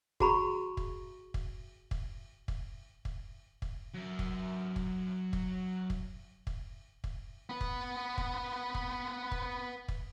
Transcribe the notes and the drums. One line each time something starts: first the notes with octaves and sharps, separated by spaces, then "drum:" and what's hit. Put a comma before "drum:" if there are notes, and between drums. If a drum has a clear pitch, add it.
F#4 G#4 A#5 B5 C#6, drum: kick
drum: kick
drum: kick
drum: kick
drum: kick
drum: kick
drum: kick
F#3 E5
drum: kick
drum: kick
drum: kick
drum: kick
drum: kick
drum: kick
B3 B4
drum: kick
drum: kick
drum: kick
drum: kick
drum: kick